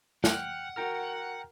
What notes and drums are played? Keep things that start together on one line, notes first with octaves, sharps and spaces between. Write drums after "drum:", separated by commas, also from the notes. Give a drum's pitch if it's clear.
F#5 G5 F6 F#6, drum: snare
F#4 A#4 G5 A#5 F6